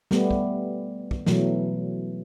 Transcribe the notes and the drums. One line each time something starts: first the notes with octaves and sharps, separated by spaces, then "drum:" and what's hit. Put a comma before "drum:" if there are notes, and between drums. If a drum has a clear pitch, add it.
G3 A3 B3, drum: snare
drum: kick
drum: kick
B2 E3 F#3 A3, drum: snare